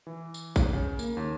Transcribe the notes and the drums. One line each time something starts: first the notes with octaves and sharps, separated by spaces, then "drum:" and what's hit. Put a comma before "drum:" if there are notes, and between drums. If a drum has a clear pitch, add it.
E3
drum: tambourine
drum: kick, tambourine
C#3
A#3, drum: tambourine
D#2